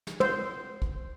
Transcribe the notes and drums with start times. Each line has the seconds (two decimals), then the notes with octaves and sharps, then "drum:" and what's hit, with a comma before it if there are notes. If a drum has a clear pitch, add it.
0.07 drum: snare
0.20 C5, drum: tom
0.82 drum: kick